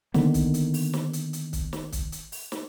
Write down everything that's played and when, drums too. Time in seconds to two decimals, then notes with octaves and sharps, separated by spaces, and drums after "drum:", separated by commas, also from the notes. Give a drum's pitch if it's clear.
0.14 D3 D#3 A#3 B3, drum: snare
0.34 drum: kick, hi-hat
0.54 drum: hi-hat
0.74 drum: open hi-hat
0.93 drum: snare
1.13 drum: hi-hat
1.33 drum: hi-hat
1.53 drum: kick, hi-hat
1.73 drum: snare
1.92 drum: kick, hi-hat
2.12 drum: hi-hat
2.32 drum: open hi-hat
2.52 drum: snare